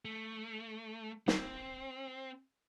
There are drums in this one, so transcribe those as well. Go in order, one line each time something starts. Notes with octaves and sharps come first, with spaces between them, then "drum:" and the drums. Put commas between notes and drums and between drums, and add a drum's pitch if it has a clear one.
A3
C4, drum: snare